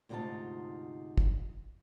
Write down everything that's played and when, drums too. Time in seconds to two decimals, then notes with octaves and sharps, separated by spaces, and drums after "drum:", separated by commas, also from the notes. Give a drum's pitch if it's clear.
0.09 D2 G#2 C3 D#4 F4 A5
1.18 drum: kick